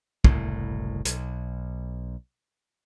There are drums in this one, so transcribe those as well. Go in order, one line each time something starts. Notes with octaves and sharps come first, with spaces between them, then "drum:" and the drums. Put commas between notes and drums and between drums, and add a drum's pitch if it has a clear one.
F#1 C2 A2, drum: kick
B1, drum: hi-hat